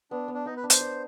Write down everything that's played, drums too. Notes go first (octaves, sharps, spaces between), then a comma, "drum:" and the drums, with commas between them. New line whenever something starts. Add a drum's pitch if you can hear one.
B3 D4
B3
D4
B3 D#4
B4
D4
C5, drum: hi-hat
D5